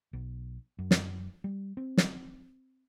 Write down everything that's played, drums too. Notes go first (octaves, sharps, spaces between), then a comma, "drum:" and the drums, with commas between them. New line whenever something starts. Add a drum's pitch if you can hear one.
B1
F#2
drum: snare
G3
C4
drum: snare